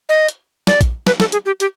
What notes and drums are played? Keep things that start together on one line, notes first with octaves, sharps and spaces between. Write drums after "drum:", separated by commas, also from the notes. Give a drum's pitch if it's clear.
D#5
drum: hi-hat
D5, drum: snare
drum: kick A#1, hi-hat
B4, drum: snare
A4, drum: snare
G#4, drum: hi-hat
G4
G4, drum: hi-hat